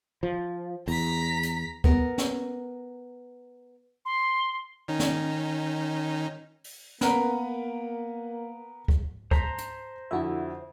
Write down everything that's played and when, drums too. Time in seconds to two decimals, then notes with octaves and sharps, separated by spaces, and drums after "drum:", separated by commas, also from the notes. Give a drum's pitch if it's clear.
0.23 F3
0.88 E2 A#5 B6, drum: open hi-hat
1.43 drum: hi-hat
1.84 B3 A#4, drum: kick C#2
2.18 drum: snare
4.05 C6
4.88 D#3 C#4 D#4
5.00 drum: snare
6.64 drum: open hi-hat
7.01 A#3 B3 A#4 B4, drum: snare
8.88 drum: kick C#2
9.31 C5 A5 A#5 B6, drum: kick C#2
9.58 drum: hi-hat
10.11 F2 D3 E4 F#4 E5